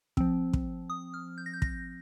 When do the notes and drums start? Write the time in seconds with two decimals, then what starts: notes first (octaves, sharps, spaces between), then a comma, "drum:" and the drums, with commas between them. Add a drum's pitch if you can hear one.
0.17 F3 C4, drum: kick
0.53 drum: kick
0.90 D#6
1.14 F6
1.38 G6
1.46 A#6
1.54 G6
1.62 A#6, drum: kick